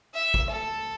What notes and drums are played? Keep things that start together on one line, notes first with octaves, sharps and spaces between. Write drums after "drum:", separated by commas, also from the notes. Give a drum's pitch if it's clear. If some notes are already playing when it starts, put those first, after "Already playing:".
E5
drum: kick
A4